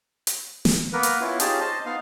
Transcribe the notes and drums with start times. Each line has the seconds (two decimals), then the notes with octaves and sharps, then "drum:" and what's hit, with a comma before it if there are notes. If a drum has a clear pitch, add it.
0.27 drum: hi-hat
0.65 drum: snare
0.93 A#3 B3 A#4 B4
1.03 drum: hi-hat
1.21 B3 C#4 E4 F4
1.40 C#4 D#4 F4 G4 G#4 A5, drum: hi-hat
1.60 C5 D#5 A5
1.86 B3 D#4 F5